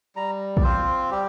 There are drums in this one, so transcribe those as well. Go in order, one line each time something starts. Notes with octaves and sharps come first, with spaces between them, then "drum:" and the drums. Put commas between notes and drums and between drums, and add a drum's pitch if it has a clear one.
G3 A#5
D5, drum: kick
C4 F4 C5
G3 G4